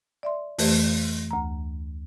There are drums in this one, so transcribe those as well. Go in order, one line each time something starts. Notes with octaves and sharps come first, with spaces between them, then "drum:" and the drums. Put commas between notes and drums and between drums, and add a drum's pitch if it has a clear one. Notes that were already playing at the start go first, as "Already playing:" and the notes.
D5 E5 C6
F2 E3 A3 G4 C5, drum: open hi-hat
D2 A#5